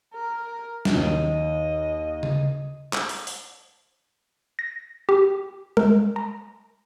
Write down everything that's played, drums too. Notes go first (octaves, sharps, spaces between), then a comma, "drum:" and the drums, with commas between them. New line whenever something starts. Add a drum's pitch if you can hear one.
A#4
drum: snare
D#2 D#5
drum: tom C#3
drum: clap
drum: open hi-hat
drum: open hi-hat
A#6
G4
A#4, drum: tom G#3
A#5